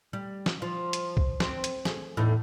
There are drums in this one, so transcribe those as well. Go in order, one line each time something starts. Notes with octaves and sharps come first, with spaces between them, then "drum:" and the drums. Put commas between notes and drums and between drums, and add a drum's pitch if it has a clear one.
G3
drum: snare
F3
drum: hi-hat
drum: kick C2
C4, drum: snare
drum: hi-hat
G#4, drum: snare
E2 A2 D#4